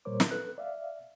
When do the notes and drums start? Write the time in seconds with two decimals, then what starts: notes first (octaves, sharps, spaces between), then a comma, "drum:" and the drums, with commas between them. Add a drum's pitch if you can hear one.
0.05 A#2 G3 A#4 C5 C#5 D6
0.20 drum: snare
0.31 A4 B4 F#6
0.58 D5 E5 F5